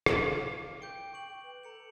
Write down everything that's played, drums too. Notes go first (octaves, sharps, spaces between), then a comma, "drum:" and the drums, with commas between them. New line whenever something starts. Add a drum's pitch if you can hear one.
drum: rim click
F5 D6
G5 G6 D7 G7
C#6 D7 F#7
B4
A4 A#5 C#7 F#7